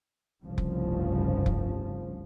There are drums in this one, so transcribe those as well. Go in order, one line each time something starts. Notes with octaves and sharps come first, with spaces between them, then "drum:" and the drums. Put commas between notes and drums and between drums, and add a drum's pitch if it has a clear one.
F1 C2 G2 C#3 F3
drum: kick F1
drum: kick F1